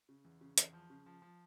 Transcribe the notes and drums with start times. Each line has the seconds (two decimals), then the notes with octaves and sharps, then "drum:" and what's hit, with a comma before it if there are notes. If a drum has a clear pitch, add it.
0.09 C#3
0.25 E2
0.41 C#3
0.58 E2, drum: hi-hat
0.73 F3
0.90 C#3
1.06 F3
1.22 F3